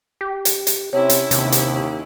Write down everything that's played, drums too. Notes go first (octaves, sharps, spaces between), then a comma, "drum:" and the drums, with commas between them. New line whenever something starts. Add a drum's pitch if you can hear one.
G4
drum: hi-hat
drum: hi-hat
C3 C#4 E4 C#5
drum: hi-hat
D#2 C3, drum: hi-hat
drum: hi-hat